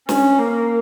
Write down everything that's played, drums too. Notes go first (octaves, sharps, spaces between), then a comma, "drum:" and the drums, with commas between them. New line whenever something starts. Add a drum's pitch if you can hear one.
C#4, drum: snare
A#3